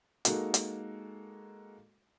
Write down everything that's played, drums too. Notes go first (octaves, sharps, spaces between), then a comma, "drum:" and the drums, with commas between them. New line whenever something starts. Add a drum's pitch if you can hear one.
G#3 A#3 D#4 F#4 A4, drum: hi-hat
drum: hi-hat